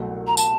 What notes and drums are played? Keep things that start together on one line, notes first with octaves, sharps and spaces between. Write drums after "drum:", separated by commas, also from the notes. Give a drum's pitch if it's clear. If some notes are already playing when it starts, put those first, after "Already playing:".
Already playing: C2 B2 F#3 A3
A#5
A5, drum: tambourine